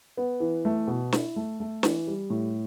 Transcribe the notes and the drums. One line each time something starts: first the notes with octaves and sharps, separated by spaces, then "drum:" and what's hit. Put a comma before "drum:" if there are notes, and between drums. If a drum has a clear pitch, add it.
B3
E3
A3
B2
E4, drum: snare
A3
A3
E3, drum: snare
G3
A2